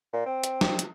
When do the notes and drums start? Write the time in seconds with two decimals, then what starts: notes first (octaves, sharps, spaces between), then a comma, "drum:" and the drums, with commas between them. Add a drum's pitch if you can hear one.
0.13 A#2
0.26 C4
0.44 drum: hi-hat
0.61 drum: snare
0.79 drum: hi-hat